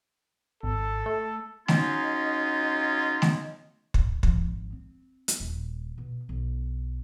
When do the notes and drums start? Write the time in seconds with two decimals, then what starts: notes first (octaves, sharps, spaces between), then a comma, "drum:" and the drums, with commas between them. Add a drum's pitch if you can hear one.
0.63 G#1 A4
1.06 A3
1.68 F#3 C#4 D#4 F4 G#4 D#5, drum: snare A3
3.22 drum: snare A3
3.94 drum: kick
4.23 F3, drum: kick
4.36 G#1
4.72 C4
5.28 drum: hi-hat
5.40 D#1
5.98 B2
6.29 B1